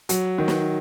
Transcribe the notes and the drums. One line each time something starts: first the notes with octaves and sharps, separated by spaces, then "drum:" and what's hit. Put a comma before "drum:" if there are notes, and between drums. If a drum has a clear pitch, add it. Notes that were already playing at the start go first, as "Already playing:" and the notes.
F#3, drum: hi-hat
D#3
drum: snare